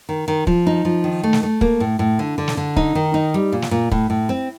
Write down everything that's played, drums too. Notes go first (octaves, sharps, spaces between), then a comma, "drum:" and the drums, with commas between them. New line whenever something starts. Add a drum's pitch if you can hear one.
D#3
D#3
F3, drum: kick
D#4
F3
D#3
A3
drum: snare
A3
A#3, drum: kick
A2
A2
D3
D3
drum: snare
D3
D#4, drum: kick
D#3
D#4
G3
A#2
drum: snare
A#2
A2, drum: kick
A2
C4